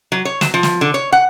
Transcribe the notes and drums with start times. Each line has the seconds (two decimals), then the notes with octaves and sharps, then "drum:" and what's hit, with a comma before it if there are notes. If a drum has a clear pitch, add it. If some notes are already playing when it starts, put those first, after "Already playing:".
0.12 F#3
0.25 C#5
0.41 F#3, drum: snare
0.54 F3
0.63 drum: snare
0.81 D3
0.94 C#5
1.12 F#5